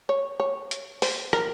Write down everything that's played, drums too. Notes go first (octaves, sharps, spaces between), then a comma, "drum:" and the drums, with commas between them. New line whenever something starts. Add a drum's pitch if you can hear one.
C#5
C#5
drum: hi-hat
C5, drum: open hi-hat
A#4, drum: rim click